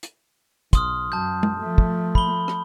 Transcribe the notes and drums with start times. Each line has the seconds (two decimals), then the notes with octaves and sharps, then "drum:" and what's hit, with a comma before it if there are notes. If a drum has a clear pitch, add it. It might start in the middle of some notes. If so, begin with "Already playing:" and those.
0.03 drum: hi-hat
0.73 B1 C6 D#6 F6, drum: kick, hi-hat
1.12 F#2 F#3 A5 G6
1.43 drum: tom G#3
1.59 F3 A3
1.78 drum: kick
2.15 B5 G7, drum: kick
2.48 drum: rim click